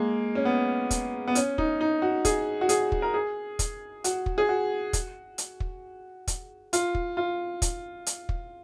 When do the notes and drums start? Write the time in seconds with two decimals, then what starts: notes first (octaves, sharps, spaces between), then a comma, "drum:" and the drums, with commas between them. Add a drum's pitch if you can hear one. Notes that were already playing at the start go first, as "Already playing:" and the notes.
Already playing: G#3 A#3
0.35 C#4
0.45 B3
0.91 drum: kick, hi-hat
1.27 B3
1.35 C#4, drum: hi-hat
1.58 D#4, drum: kick
1.81 D#4
2.02 F#4
2.25 G#4, drum: kick, hi-hat
2.61 F#4
2.69 G#4, drum: hi-hat
2.92 drum: kick
3.02 A#4
3.14 G#4
3.59 drum: kick, hi-hat
4.04 F#4, drum: hi-hat
4.26 drum: kick
4.38 G#4
4.49 F#4
4.93 drum: kick, hi-hat
5.38 drum: hi-hat
5.60 drum: kick
6.28 drum: kick, hi-hat
6.73 F4, drum: hi-hat
6.95 drum: kick
7.17 F4
7.62 drum: kick, hi-hat
8.06 drum: hi-hat
8.29 drum: kick